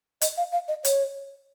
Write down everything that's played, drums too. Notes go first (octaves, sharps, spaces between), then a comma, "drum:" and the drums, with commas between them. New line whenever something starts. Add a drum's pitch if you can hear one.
D#5, drum: hi-hat
F5
F5
D#5
C#5, drum: hi-hat